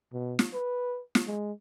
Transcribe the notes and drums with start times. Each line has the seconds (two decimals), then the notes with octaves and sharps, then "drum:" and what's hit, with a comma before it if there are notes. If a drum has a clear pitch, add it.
0.13 B2
0.39 drum: snare
0.53 B4
1.15 drum: snare
1.27 G#3